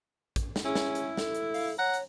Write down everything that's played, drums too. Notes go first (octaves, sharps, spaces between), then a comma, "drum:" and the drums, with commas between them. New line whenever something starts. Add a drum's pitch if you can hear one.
drum: kick, hi-hat
drum: snare
C#4 E4 G#4
drum: snare
drum: hi-hat
A4, drum: snare
drum: hi-hat
F5, drum: open hi-hat
C#5 F#5 A#5
drum: hi-hat